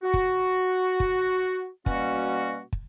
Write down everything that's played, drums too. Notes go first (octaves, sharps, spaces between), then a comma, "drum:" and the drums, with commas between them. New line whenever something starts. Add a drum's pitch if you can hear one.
F#4
drum: kick
drum: kick
B2 G3 A#3 C#4 F#4, drum: kick
drum: kick